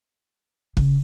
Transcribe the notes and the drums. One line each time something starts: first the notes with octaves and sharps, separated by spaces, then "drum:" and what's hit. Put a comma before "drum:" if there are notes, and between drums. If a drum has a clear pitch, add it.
C#3, drum: kick